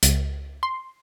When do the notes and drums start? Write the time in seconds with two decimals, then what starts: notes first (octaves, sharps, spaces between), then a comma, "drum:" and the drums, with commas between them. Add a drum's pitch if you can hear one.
0.03 C#2, drum: hi-hat
0.63 C6